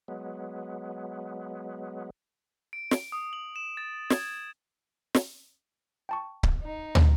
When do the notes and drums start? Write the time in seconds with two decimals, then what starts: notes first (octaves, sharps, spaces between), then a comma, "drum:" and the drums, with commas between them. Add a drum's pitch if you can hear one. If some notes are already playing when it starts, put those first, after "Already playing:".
0.08 F#3 G#3 B3
2.73 D7
2.91 drum: snare
3.12 D#6
3.33 F#7
3.56 E7
3.77 A6
4.10 G#6, drum: snare
5.15 drum: snare
6.09 G5 A5 C#6
6.43 drum: kick C#1
6.63 D#4
6.95 drum: tom